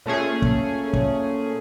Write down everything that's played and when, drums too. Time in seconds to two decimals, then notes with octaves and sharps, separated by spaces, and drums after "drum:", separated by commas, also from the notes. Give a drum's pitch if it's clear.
0.06 A#2 A3 C#4 G#4
0.42 drum: kick
0.93 drum: kick